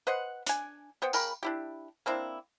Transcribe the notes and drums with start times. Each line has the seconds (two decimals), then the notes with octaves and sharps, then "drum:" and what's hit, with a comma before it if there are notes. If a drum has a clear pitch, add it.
0.07 B4 C5 D#5 F#5
0.46 D4 G#5, drum: hi-hat
1.02 B3 C5 F#5 G5
1.13 C#3 A#4 G5 B5, drum: tambourine
1.43 D4 E4 G4
2.06 A#3 C4 D4 E4